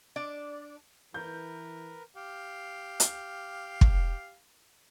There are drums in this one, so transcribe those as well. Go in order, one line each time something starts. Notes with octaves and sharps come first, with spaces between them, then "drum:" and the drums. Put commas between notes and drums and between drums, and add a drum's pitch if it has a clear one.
D4 D5
E3 A#4 B4 G6
G4 F5
drum: hi-hat
drum: kick